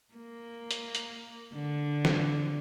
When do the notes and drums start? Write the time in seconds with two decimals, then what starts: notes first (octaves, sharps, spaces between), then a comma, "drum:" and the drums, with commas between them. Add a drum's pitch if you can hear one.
0.15 A#3
0.71 drum: hi-hat
0.95 drum: hi-hat
1.54 D3
2.05 drum: snare